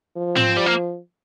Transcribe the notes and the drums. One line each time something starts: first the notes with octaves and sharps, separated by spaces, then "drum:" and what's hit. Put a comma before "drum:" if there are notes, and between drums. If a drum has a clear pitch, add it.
F3
C4, drum: tom G#2
G3
A#3